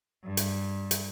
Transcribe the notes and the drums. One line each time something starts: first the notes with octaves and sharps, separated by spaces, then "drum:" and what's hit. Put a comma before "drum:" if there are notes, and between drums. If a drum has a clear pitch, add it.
G2
drum: hi-hat
drum: hi-hat